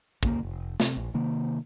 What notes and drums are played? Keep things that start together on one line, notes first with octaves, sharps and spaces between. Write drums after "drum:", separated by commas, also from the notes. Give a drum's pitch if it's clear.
C#2 C#3 G3 A#3, drum: kick
F1
C3, drum: snare
A#1
C3 D#3 A#3